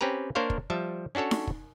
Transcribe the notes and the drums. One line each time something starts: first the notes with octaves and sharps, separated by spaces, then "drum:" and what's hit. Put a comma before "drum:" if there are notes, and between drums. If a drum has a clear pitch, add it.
C4 C#4 G4 B4 A#5
A#3 D4 A#4 C5 C#5 F5
drum: kick
F3 G3 E5 A5
C#4 D4 F#4 A4 C#5
drum: snare D#4
drum: kick